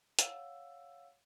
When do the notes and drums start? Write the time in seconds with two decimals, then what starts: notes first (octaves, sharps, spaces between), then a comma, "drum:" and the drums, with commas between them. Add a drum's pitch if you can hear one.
0.19 C#5 F5 F#5 E6, drum: hi-hat